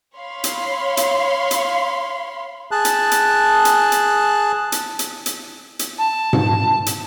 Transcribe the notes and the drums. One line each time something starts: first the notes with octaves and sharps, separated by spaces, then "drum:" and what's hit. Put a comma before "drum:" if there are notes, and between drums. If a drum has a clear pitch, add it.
C#5 F5 B5 C6
drum: hi-hat
drum: hi-hat
drum: hi-hat
G#4 A5 F#6
drum: hi-hat
drum: hi-hat
drum: hi-hat
drum: hi-hat
drum: hi-hat
drum: hi-hat
drum: hi-hat
drum: hi-hat
A5
drum: tom G#2
drum: hi-hat